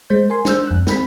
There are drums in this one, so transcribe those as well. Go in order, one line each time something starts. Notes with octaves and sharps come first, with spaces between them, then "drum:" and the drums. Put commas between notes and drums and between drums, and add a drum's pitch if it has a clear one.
G#3 C5 G6
A#4 G#5 C6
D4 C5 E6 G6, drum: snare
F2 F#6
C4 B5 B6, drum: snare